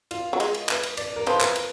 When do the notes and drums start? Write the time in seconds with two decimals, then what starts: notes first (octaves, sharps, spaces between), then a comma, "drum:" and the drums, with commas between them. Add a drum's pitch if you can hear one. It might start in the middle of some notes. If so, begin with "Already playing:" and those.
0.11 F4, drum: cymbal
0.33 F#3
0.40 G#3, drum: cymbal
0.54 drum: cymbal
0.69 B4, drum: clap
0.83 drum: cymbal
0.97 D5, drum: cymbal
1.16 A#4
1.26 F3 B4, drum: cymbal
1.34 A#4
1.41 B4, drum: clap
1.56 drum: cymbal